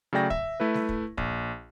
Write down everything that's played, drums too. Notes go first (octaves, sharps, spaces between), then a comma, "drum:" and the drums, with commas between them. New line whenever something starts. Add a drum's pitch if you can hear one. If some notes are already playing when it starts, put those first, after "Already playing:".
C#3 F#3 A3 D5 G5 A#6
E5, drum: kick
A3 E4 B4
drum: snare G3
drum: kick
A#1, drum: kick